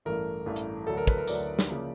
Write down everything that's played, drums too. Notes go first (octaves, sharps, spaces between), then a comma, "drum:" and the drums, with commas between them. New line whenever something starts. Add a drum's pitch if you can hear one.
A1 G2 E3 A3 A#4
A1 G2 E3 A3
drum: hi-hat
D2 D3 F#3 A4
A#4
B4, drum: kick
A#4
D2 D3 F#3 D5, drum: tambourine
drum: snare
C#3 F3 A#3